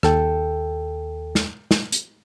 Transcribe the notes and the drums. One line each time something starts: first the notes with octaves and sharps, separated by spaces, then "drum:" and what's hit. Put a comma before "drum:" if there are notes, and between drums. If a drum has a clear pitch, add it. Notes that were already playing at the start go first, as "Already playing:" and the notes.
D#2 A4 G5, drum: rim click
drum: snare
drum: snare
drum: hi-hat